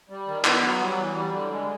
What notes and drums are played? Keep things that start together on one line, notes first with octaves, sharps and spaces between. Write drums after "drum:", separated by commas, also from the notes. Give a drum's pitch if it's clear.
G3
D#3
B3, drum: clap
F#3
G3
E3
G3
D3
G#3